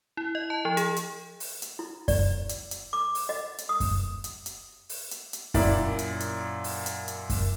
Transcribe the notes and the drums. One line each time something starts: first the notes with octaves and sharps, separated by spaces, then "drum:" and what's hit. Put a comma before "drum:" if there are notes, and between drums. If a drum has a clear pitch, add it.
E4
D#5
A5
F3
G#4, drum: hi-hat
drum: hi-hat
drum: open hi-hat
drum: hi-hat
E4
D5, drum: kick F#2, open hi-hat
drum: hi-hat
drum: hi-hat
D6
drum: open hi-hat
D#5
drum: hi-hat
D#6
drum: kick F#2, open hi-hat
drum: hi-hat
drum: hi-hat
drum: open hi-hat
drum: hi-hat
drum: hi-hat
F#2 A#2 E4 D5, drum: kick F#2, open hi-hat
drum: hi-hat
drum: hi-hat
drum: open hi-hat
drum: hi-hat
drum: hi-hat
drum: kick F#2, open hi-hat